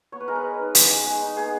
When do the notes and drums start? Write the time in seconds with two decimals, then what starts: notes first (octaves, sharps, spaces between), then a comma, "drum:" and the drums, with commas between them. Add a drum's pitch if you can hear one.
0.12 B3 C#5
0.20 B4
0.28 G#3 A#4
0.36 B4
0.44 G#3
0.59 D#4
0.75 B3, drum: hi-hat
0.90 G#3
1.06 G#3
1.22 D#4
1.36 B3 G#4